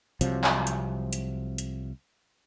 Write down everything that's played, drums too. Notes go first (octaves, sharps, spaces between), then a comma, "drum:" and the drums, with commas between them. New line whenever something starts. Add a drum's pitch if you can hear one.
C2 C3 F3 F#3, drum: hi-hat
drum: clap
drum: hi-hat
drum: hi-hat
drum: hi-hat